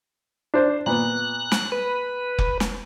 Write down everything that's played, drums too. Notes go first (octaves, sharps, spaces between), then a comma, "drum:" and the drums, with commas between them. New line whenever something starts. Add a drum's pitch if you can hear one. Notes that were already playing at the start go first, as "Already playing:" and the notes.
D4 C5
A#2 B3 F#6
drum: snare
B4
drum: kick F1
drum: snare